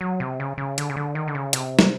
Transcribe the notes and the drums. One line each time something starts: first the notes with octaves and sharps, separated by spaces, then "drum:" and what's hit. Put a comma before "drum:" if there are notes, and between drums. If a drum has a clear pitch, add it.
F#3
C3
C#3
C#3
D3, drum: hi-hat
C#3
D3
D#3
D3
C#3
C3, drum: hi-hat
drum: snare